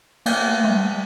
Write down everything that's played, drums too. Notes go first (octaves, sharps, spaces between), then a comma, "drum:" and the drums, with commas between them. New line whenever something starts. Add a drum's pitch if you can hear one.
A#3, drum: cymbal
A3
A3
G3